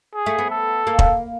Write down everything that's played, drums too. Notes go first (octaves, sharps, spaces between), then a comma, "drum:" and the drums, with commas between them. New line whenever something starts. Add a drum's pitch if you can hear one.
G#4
A3
B3
A4
A#3
drum: kick